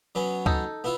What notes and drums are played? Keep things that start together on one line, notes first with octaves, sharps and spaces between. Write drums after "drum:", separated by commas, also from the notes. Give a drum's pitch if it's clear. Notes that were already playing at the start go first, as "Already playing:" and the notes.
F#3 B3 C#4
D#4 A4, drum: kick C#2
B3 E4 F4